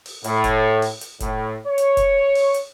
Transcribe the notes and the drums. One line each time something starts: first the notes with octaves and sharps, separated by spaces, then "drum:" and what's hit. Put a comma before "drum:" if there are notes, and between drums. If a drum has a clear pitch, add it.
drum: open hi-hat
A2, drum: hi-hat
drum: kick F1, hi-hat
drum: open hi-hat
drum: hi-hat
A2, drum: kick F1, hi-hat
C#5
drum: hi-hat
drum: kick F1, hi-hat
drum: open hi-hat
drum: hi-hat